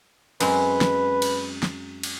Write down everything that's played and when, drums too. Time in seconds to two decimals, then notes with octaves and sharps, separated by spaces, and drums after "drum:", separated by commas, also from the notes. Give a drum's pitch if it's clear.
0.40 F#2 G#3 C4 B4, drum: cymbal
0.81 drum: snare
1.22 drum: cymbal
1.63 drum: snare
2.03 drum: cymbal